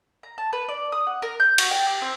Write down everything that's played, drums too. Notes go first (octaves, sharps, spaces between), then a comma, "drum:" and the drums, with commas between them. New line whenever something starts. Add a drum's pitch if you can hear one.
A#5
A5
B4
D5
D#6
F#5
A#4
G6
F#4, drum: cymbal
G5
G4
C4